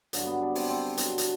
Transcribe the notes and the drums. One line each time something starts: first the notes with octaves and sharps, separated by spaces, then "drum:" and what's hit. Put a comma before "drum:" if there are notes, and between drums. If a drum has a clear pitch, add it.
G2 D3 F#3, drum: hi-hat
B3
D4
C4, drum: open hi-hat
C4
B2 F#3, drum: hi-hat
drum: hi-hat